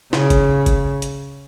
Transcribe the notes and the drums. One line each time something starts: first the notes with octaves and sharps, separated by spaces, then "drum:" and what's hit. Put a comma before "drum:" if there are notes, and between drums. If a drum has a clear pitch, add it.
C#3, drum: snare
drum: kick F#1, hi-hat
drum: kick F#1, hi-hat
drum: hi-hat